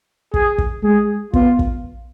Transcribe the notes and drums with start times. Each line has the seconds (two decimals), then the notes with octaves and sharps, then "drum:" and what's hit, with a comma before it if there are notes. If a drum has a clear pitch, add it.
0.34 G#4, drum: kick
0.58 drum: kick
0.83 G#3 G#4
1.33 B3 F4, drum: kick
1.59 drum: kick